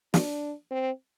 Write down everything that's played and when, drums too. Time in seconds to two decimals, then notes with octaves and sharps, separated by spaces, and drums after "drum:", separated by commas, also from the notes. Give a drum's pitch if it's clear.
0.14 D4, drum: snare
0.71 C4